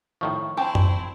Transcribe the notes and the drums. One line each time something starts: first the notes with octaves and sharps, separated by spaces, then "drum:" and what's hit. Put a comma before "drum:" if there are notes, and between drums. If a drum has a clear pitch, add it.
A2 D#3 F3 C#6
C4 E4 G5 A5
drum: tom F#2